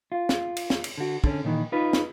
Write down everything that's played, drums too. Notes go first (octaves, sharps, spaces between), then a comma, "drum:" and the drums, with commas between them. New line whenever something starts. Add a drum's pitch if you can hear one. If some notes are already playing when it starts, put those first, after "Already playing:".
F4
drum: snare
drum: cymbal
drum: snare
drum: cymbal
D3 F#4
D3 C#4, drum: kick
A#2 D#3 E3
D#4 F4 B4
drum: snare